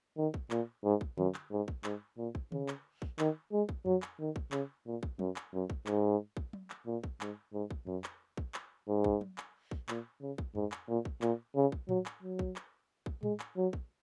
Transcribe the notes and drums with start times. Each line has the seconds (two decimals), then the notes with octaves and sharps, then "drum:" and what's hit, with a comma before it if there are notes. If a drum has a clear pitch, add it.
0.17 D#3
0.34 drum: kick
0.51 A#2, drum: clap
0.84 G#2
1.01 drum: kick
1.18 F#2, drum: tom D3
1.34 drum: clap
1.51 G#2
1.68 drum: kick
1.84 G#2, drum: clap
2.18 A#2
2.35 drum: kick
2.52 C#3, drum: tom D3
2.68 drum: clap
3.02 drum: kick
3.19 D#3, drum: clap
3.52 G#3
3.69 drum: kick
3.86 F#3, drum: tom F2
4.02 drum: clap
4.20 D#3
4.36 drum: kick
4.52 C#3, drum: clap
4.86 A#2
5.03 drum: kick
5.19 F#2, drum: tom
5.36 drum: clap
5.53 F#2
5.70 drum: kick
5.86 G#2, drum: clap
6.37 drum: kick
6.53 drum: tom
6.70 drum: clap
6.87 A#2
7.04 drum: kick
7.21 G#2, drum: clap
7.53 G#2
7.70 drum: kick
7.87 F#2, drum: tom F2
8.04 drum: clap
8.37 drum: kick
8.54 drum: clap
8.88 G#2
9.04 drum: kick
9.21 drum: tom
9.38 drum: clap
9.71 drum: kick
9.89 A#2, drum: clap
10.21 C#3
10.38 drum: kick
10.55 G#2, drum: tom F2
10.72 drum: clap
10.88 A#2
11.05 drum: kick
11.22 A#2, drum: clap
11.56 C#3
11.72 drum: kick
11.89 F#3, drum: tom A2
12.06 drum: clap
12.23 F#3
12.39 drum: kick
12.56 drum: clap
13.06 drum: kick
13.23 G#3, drum: tom A2
13.40 drum: clap
13.57 F#3
13.73 drum: kick